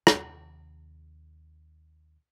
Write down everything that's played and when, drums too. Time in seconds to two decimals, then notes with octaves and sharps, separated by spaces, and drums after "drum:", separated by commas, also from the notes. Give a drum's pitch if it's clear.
0.07 D#2 C3, drum: rim click